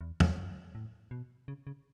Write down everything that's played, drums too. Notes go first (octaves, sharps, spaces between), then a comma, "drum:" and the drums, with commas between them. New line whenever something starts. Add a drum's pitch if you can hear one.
E2
drum: tom
F#2
A2
B2
C#3
C#3